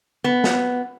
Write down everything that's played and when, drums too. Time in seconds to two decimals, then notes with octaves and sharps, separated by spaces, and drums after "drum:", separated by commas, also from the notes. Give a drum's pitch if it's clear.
0.24 B3
0.44 drum: snare